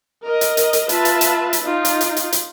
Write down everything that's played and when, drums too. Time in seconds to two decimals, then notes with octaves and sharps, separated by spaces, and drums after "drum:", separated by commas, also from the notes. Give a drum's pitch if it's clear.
0.25 A#4 D#5
0.41 drum: hi-hat
0.57 drum: hi-hat
0.73 drum: hi-hat
0.89 F4 B4 E5 A5 B5, drum: hi-hat
1.05 drum: hi-hat
1.21 drum: hi-hat
1.53 drum: hi-hat
1.63 D#4 F4
1.85 drum: hi-hat
2.01 drum: hi-hat
2.17 drum: hi-hat
2.32 drum: hi-hat